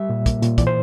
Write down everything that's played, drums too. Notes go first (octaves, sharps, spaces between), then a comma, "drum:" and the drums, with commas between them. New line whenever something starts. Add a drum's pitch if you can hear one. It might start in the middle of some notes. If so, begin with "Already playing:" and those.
Already playing: G3 E5
A#2
A#3, drum: kick, hi-hat
A#2, drum: hi-hat
E3 D5, drum: kick, hi-hat
C5